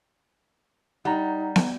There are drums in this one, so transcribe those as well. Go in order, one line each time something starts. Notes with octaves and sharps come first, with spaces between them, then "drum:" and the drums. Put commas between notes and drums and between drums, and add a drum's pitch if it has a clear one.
G3 D#4 F#5 A#5
drum: snare